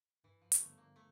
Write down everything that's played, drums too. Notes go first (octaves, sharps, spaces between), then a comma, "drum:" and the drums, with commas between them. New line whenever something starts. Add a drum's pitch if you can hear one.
G2 E3
F3
A#3, drum: hi-hat
D3 G3 A3 B3 D4
A#3
A3